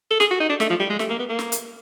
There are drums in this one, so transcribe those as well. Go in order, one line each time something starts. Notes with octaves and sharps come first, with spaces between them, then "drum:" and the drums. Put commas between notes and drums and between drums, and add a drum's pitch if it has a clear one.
A4
G#4, drum: snare
F#4
D#4
D4
A3, drum: snare
F3
G3
G#3
A3, drum: snare
A#3
B3
A#3
drum: snare
drum: hi-hat